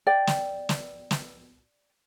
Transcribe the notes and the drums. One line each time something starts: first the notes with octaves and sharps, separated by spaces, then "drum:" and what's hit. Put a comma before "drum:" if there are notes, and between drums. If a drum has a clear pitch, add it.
D5 G5
drum: snare
drum: snare
drum: snare